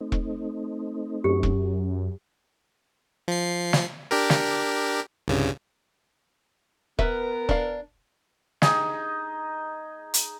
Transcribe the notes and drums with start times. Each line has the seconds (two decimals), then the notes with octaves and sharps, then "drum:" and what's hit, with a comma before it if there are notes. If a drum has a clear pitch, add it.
0.01 A3 C4 D#4
0.12 drum: kick E1
1.24 F#2 G4
1.43 drum: kick E1
3.28 F3 C7
3.73 drum: snare
4.11 D4 G4 A#4
4.30 drum: snare
5.28 C2 G2 C#3
6.99 B3 A#4 B4 E5, drum: kick E1
7.49 D4 F5, drum: kick E1
8.62 D#4 G#4, drum: snare
10.14 drum: hi-hat